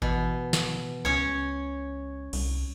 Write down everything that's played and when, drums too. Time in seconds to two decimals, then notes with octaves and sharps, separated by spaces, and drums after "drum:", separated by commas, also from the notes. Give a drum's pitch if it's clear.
0.02 B2 E3, drum: kick G#1
0.53 drum: snare
1.05 C#2 C#4 C#5
2.33 C2, drum: cymbal